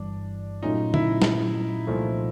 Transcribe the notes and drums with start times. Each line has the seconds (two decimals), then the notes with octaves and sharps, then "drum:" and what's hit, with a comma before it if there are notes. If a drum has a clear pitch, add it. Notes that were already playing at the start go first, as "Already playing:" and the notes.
Already playing: G1 G2 E3 G3 D4
0.62 A#2 F#3 A3 C#4 D#4 F4
0.94 E4, drum: tom D3
1.22 drum: snare
1.87 C2 A#2 F3 A3